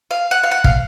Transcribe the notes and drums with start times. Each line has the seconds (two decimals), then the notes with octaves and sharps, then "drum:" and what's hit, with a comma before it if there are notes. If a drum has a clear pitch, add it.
0.11 F5
0.31 F#5
0.43 F5
0.51 F#5
0.64 F5, drum: kick